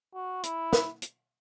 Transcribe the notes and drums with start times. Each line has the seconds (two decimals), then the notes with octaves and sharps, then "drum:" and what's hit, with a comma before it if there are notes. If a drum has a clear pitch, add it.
0.14 F#4
0.43 E4, drum: hi-hat
0.73 drum: snare
1.02 drum: hi-hat